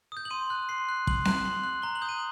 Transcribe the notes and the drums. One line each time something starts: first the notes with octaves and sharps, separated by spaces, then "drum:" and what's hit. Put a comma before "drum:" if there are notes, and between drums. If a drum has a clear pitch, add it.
D#6 G6
F#7
C6 D#7
F#6
C6 C7
F#6
C6 F#7, drum: kick
F#6, drum: snare C4
C6 F#7
F#6
A#5 G7
F#7
D#6 G6
D#7